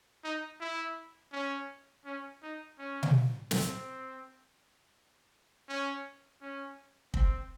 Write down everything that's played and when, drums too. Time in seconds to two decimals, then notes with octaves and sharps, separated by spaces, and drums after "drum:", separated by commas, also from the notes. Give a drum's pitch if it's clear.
0.24 D#4
0.61 E4
1.32 C#4
2.05 C#4
2.42 D#4
2.79 C#4
3.03 drum: tom B2
3.51 C4, drum: snare
5.69 C#4
6.41 C#4
7.14 C4, drum: kick